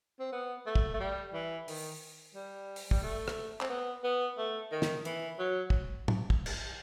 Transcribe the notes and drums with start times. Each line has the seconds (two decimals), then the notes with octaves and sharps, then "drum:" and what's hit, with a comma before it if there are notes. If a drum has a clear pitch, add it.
0.20 C4
0.32 B3
0.66 A3
0.76 drum: kick
0.94 A3
1.00 G3
1.34 E3
1.68 D#3, drum: open hi-hat
2.35 G3
2.76 drum: open hi-hat
2.91 G3, drum: kick
3.03 A3
3.28 drum: rim click
3.61 C4, drum: clap
3.70 B3
4.04 B3
4.38 A3
4.72 D#3
4.82 drum: snare
5.05 E3, drum: hi-hat
5.39 F#3
5.70 drum: kick
6.08 drum: tom
6.30 drum: kick
6.46 drum: cymbal